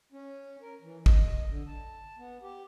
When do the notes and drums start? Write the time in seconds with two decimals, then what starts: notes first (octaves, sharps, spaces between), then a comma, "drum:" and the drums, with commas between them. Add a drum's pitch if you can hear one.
0.12 C#4
0.62 A#4
0.82 E3
1.06 D#5, drum: kick
1.47 D3
1.67 A5
2.18 B3
2.42 G4